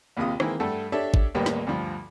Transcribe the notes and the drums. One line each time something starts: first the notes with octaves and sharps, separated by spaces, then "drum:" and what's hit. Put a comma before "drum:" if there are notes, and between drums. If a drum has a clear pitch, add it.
A#1 D#2 C3 F4 D#6
D#3 E3 G#3 A#3 C4 E4, drum: rim click
G2 A3 A4 F#5
D4 G4 A4 C#5 D5 E5
drum: kick
A1 D#2 A2 G3 A#3 B3
drum: snare
D2 G2 F3